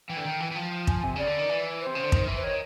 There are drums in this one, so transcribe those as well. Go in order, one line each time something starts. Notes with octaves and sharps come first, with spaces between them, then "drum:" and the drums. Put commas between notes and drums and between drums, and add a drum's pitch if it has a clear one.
E3 G5
D3
D#3
E3
E3
F3
G#5, drum: kick
C3 G#5
C#3 D5
D3
D#3
E3
C5
C3
C#3
D3
D#3, drum: kick
E3
C5
D#3 C#5